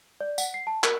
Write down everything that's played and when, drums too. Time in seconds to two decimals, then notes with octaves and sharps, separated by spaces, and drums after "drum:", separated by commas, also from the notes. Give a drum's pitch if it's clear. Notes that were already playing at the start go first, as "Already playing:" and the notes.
0.21 D5
0.38 F#5, drum: tambourine
0.54 C7
0.67 A5
0.84 A#4, drum: clap